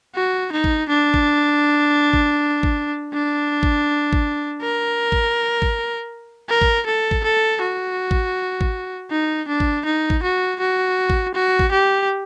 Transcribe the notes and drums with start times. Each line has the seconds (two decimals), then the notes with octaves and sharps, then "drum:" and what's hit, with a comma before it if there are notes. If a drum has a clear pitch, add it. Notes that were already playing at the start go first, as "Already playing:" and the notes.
0.15 F#4
0.52 D#4
0.64 drum: kick G#1
0.89 D4
1.14 drum: kick G#1
2.13 drum: kick G#1
2.63 drum: kick G#1
3.13 D4
3.63 drum: kick G#1
4.13 drum: kick G#1
4.62 A#4
5.12 drum: kick G#1
5.62 drum: kick G#1
6.49 A#4
6.61 drum: kick G#1
6.86 A4
7.11 drum: kick G#1
7.24 A4
7.61 F#4
8.11 drum: kick G#1
8.61 drum: kick G#1
9.10 D#4
9.48 D4
9.60 drum: kick G#1
9.85 D#4
10.10 drum: kick G#1
10.22 F#4
10.59 F#4
11.10 drum: kick G#1
11.34 F#4
11.59 drum: kick G#1
11.72 G4